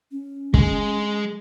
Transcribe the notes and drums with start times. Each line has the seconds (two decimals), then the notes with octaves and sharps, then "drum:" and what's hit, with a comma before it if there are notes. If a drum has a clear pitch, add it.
0.12 C#4
0.54 G#3, drum: kick